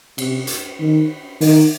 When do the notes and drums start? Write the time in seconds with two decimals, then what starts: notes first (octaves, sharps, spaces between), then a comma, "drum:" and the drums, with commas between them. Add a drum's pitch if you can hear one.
0.18 C3, drum: cymbal
0.47 drum: hi-hat
0.80 D#3
1.41 D#3, drum: open hi-hat